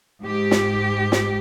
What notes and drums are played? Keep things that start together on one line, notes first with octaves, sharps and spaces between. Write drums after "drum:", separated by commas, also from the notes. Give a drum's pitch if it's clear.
G#2 G4
drum: snare
drum: snare